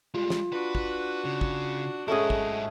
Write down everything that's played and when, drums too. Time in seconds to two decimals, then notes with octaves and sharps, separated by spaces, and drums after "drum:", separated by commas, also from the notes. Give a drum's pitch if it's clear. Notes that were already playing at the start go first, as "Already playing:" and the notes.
0.14 G3 G#3 F4
0.30 drum: snare
0.53 D4 F#4 B4
0.75 drum: kick
1.25 C#3
1.41 drum: kick
2.08 G#2 A3 C#4 E4 G#4 D#5 F#5
2.30 drum: kick